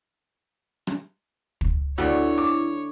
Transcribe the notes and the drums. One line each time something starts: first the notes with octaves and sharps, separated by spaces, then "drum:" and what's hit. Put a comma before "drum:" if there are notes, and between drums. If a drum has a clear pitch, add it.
drum: rim click
drum: kick
D2 D3 A3 E4 G4 C#5
D6